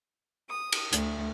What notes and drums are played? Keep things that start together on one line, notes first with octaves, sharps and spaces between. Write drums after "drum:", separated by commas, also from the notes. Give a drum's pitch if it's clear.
D#6
drum: cymbal
D2, drum: hi-hat